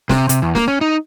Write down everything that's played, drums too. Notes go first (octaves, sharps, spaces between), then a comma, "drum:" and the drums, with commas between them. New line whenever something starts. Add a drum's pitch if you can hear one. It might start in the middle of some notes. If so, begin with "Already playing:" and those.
C3, drum: snare
C3, drum: hi-hat
E2
A#3, drum: snare
C#4
D#4